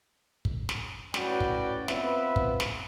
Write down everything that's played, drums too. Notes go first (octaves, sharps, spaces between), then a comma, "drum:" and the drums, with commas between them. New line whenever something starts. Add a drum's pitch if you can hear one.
drum: kick
drum: snare
A2 C#4 F#4 B4 D5 G5, drum: snare
drum: kick
B3 C4 F4 B4 E5, drum: snare
drum: kick
drum: snare